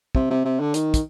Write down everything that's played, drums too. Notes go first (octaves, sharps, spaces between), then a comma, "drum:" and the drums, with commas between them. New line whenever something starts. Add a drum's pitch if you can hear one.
C3, drum: kick
C3
C3
D3
D#3, drum: hi-hat
drum: kick, hi-hat